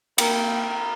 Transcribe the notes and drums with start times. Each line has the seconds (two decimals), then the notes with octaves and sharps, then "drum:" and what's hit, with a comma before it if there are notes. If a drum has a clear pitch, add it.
0.18 A#3 A#4 G5 B5, drum: cymbal